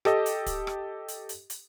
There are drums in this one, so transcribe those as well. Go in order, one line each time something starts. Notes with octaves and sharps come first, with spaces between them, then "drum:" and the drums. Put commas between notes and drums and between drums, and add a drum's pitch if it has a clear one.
G4 A4 D#5, drum: rim click
drum: hi-hat
drum: kick, hi-hat
drum: rim click
drum: hi-hat
drum: hi-hat
drum: hi-hat